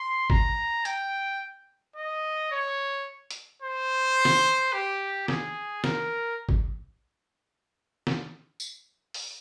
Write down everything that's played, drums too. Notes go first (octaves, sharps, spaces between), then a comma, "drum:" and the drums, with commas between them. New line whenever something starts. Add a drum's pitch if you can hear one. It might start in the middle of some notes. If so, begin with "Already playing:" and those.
Already playing: C6
A#5, drum: kick
G5, drum: hi-hat
D#5
C#5
drum: hi-hat
C5
drum: snare
G4
G#4, drum: snare
A#4, drum: snare
drum: kick
drum: snare
drum: tambourine
drum: open hi-hat